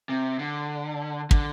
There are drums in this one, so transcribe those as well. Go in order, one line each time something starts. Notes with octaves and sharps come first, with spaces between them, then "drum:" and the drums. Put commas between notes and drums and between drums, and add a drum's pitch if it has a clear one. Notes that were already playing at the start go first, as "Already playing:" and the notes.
C3
D3
D3, drum: kick